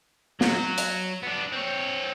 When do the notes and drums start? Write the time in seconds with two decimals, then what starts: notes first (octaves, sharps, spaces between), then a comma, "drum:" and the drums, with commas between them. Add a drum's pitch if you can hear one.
0.41 F#3, drum: snare
0.78 drum: hi-hat
1.23 B3 D4
1.52 C4 C#5